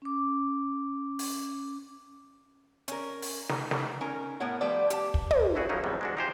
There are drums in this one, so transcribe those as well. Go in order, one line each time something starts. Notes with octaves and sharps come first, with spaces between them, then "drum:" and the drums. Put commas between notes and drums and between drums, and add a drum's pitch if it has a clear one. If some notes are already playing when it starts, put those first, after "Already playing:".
C#4 D6
drum: open hi-hat
C#4 A#4, drum: hi-hat
drum: open hi-hat
D#4, drum: snare
drum: snare
C#4 D#4 A#4
A2 B3 A#4 C#5 F#5
F3 G3 A3 B3 B4 D5
G4 A5, drum: hi-hat
drum: kick
drum: tom
A3 E4 F#4 G#4
F3 F#3 C#4 D#4 E4
E2 G#2 C3 F#3 G3
G#3 D4 F#4
D#4 F4 G4 G#4 C5